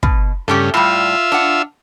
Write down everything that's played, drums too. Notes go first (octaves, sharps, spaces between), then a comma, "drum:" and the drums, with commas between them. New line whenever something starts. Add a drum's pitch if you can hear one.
B2, drum: kick
G2 C#3 A3 C#4 G4
A2 G3 F4 E5
D4 F#5